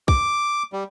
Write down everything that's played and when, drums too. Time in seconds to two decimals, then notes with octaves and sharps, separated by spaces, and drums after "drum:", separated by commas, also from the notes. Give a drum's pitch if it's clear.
0.08 D6, drum: kick
0.73 G3